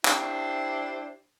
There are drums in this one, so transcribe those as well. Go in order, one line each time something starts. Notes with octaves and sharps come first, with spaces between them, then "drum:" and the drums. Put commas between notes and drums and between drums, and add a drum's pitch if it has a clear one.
D4 E4 G4 C5, drum: clap